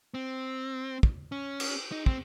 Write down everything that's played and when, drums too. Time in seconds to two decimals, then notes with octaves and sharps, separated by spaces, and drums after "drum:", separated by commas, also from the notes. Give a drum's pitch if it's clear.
0.14 C4
1.03 drum: kick
1.32 C#4
1.60 drum: cymbal
1.92 D#4
2.06 C4, drum: kick